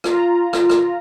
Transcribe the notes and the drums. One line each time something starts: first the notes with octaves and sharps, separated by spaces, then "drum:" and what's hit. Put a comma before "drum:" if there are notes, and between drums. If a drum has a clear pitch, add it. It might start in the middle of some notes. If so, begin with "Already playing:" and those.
F4 A#5, drum: rim click
drum: rim click
drum: rim click